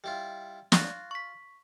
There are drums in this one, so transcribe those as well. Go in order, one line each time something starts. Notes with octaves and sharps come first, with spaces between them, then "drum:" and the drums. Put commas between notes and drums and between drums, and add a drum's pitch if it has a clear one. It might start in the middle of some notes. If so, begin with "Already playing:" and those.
G3 E4 F4
F4 C#6 F#6 A#6, drum: snare
C#6 B6